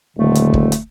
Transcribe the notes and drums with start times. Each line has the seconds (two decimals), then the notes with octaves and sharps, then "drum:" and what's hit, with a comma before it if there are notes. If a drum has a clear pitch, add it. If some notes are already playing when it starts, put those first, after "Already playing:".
0.17 D#1 D3 A3
0.35 drum: hi-hat
0.54 drum: kick
0.72 drum: hi-hat